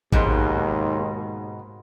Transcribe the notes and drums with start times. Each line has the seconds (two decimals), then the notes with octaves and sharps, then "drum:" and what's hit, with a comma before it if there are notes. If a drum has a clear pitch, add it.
0.12 D#2 G#2 B2 G#3, drum: kick G#1